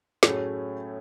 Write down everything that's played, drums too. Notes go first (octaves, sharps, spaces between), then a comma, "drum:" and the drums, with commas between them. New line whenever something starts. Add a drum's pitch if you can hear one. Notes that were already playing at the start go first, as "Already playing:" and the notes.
A2 F#3 A3 C#4 G#4, drum: snare